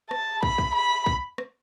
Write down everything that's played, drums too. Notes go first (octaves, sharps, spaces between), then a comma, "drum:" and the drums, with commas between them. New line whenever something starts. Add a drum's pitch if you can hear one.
A5, drum: rim click
B5, drum: kick
drum: kick
B5
drum: kick
drum: rim click